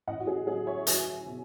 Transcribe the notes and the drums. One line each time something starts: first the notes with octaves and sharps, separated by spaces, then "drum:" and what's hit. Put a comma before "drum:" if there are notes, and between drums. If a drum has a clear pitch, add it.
A1 D#5 F#5
F#4
G#4
F#3 G#4
C#5 E5
F#3 E5 G#5, drum: hi-hat
B2